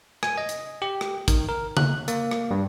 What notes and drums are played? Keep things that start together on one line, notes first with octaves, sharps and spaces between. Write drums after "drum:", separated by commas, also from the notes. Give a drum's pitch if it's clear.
G#5, drum: rim click
D#5
drum: hi-hat
G4
drum: rim click
D#3, drum: kick, hi-hat
A#4
F#6, drum: tom C#3
A#3, drum: hi-hat
drum: rim click
G2